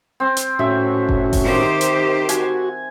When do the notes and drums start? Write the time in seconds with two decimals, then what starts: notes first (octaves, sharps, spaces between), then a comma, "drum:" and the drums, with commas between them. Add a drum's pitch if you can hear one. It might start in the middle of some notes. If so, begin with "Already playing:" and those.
0.20 C4
0.37 drum: hi-hat
0.59 A2 C#4 F#4 E5
1.09 drum: kick F#1
1.33 drum: kick F#1, open hi-hat
1.44 D#3 G4 C5
1.81 drum: hi-hat
2.29 F#4 G#5, drum: hi-hat